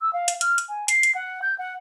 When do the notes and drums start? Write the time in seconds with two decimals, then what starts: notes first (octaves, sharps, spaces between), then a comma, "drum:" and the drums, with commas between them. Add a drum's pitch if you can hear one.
0.01 E6
0.13 F5
0.28 drum: hi-hat
0.41 F6, drum: hi-hat
0.58 drum: hi-hat
0.69 G#5
0.88 C7, drum: hi-hat
1.03 drum: hi-hat
1.15 F#5
1.42 G6
1.59 F#5